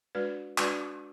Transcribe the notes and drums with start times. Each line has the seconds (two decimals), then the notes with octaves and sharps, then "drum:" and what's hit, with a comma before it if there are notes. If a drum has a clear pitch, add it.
0.15 G#3 D4 F#4 B4 D5
0.58 G#3 D4 F#4 B4 D5, drum: clap